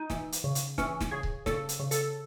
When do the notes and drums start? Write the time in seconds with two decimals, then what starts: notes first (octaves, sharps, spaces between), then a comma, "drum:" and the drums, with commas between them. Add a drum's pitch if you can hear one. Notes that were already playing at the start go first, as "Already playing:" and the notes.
Already playing: D#4
0.10 E3, drum: snare
0.32 drum: hi-hat
0.44 C#3
0.55 drum: hi-hat
0.78 E3 C#4, drum: snare
1.01 drum: snare
1.11 C#3 G#4
1.23 drum: kick C#1
1.46 C#3 A4, drum: snare
1.69 drum: hi-hat
1.80 C#3
1.91 A4, drum: hi-hat